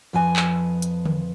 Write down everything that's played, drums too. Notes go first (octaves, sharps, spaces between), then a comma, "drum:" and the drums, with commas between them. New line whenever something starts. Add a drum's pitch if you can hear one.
F2 F3 B4 D#5 G#5
drum: clap
drum: hi-hat
drum: tom D3